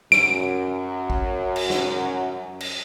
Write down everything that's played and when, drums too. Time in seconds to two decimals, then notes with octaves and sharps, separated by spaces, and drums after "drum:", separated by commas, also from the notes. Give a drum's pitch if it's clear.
0.12 F#2 D7, drum: snare
1.10 drum: kick
1.56 drum: cymbal
1.70 drum: snare
2.60 drum: cymbal